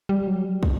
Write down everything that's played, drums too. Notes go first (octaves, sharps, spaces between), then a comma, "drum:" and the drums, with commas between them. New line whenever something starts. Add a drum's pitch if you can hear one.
G3
F#3
G3
drum: kick